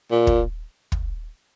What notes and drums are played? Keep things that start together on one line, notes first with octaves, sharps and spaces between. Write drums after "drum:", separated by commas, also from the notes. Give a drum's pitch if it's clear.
A#2
drum: kick
drum: kick